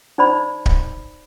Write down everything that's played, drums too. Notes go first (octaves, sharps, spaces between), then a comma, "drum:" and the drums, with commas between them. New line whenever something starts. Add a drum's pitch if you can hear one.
D#4 C5 D5 B5
drum: kick D1